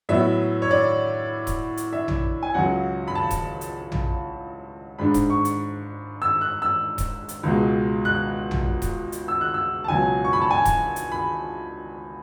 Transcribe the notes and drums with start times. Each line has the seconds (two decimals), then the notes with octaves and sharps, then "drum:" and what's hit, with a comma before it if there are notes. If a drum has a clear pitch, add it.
0.09 A2 F#3 B3 E5
0.62 C#5
0.71 D5
1.47 drum: kick D#1, hi-hat
1.77 drum: hi-hat
1.93 E5
2.08 drum: tom A#1
2.43 G#5
2.54 C#2 C#3 F#3 C#4 F#5
3.08 B5
3.15 A5
3.30 drum: kick D#1, hi-hat
3.61 drum: hi-hat
3.92 drum: tom A#1
4.99 G#2 G#3 D4 B5
5.14 drum: kick D#1, hi-hat
5.30 C#6
5.45 drum: hi-hat
6.22 E6
6.41 F#6
6.62 E6
6.98 drum: kick D#1, hi-hat
7.29 drum: hi-hat
7.43 C#2 B2 G#3
8.05 F#6
8.51 drum: tom A#1
8.82 drum: kick D#1, hi-hat
9.12 drum: hi-hat
9.28 E6
9.41 F#6
9.54 E6
9.84 A5
9.88 C#2 B2 F#3 G#5
10.25 C#6
10.33 B5
10.42 A5
10.51 G#5
10.65 drum: kick D#1, hi-hat
10.96 drum: hi-hat
11.12 B5